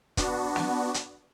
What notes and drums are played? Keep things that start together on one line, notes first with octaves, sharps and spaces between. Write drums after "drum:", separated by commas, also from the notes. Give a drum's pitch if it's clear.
B3 D4 F#4, drum: kick, hi-hat
drum: snare
drum: hi-hat